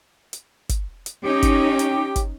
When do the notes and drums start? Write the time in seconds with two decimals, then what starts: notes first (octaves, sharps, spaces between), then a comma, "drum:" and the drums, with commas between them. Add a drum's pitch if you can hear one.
0.33 drum: hi-hat
0.69 drum: kick, hi-hat
1.06 drum: hi-hat
1.24 C#4 D#4 G4
1.43 drum: kick, hi-hat
1.79 drum: hi-hat
2.16 drum: kick, hi-hat